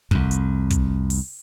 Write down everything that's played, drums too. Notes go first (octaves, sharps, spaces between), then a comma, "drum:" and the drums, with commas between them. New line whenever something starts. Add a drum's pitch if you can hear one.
C2 F2, drum: kick
drum: hi-hat
drum: kick, hi-hat
drum: open hi-hat